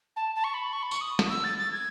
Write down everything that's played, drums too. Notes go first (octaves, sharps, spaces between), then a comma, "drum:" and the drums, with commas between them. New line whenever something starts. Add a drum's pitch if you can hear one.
A5
A5
C#6
B5
C#6
B5
C#6, drum: tambourine
D#6
drum: snare
E6
A6
A6
G#6